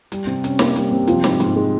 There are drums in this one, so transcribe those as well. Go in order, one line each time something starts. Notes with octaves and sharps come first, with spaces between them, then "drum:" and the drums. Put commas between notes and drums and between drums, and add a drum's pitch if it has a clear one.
G3, drum: hi-hat
C3
C#4, drum: hi-hat
A#3, drum: snare
G3, drum: hi-hat
C3
F3, drum: hi-hat
G#2, drum: snare
G#2, drum: hi-hat
G#3